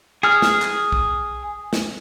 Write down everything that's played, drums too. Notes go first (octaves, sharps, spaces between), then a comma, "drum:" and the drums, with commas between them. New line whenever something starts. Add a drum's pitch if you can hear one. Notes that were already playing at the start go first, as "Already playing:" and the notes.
G#4 F6
drum: snare
drum: clap
drum: kick B1
drum: snare